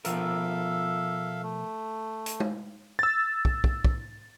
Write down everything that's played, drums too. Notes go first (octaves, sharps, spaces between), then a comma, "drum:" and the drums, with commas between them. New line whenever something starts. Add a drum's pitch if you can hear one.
B2 F3 A4 A#4 E5 F5, drum: hi-hat
A3
drum: hi-hat
drum: tom G#3
E6 A6
drum: kick
drum: kick
drum: kick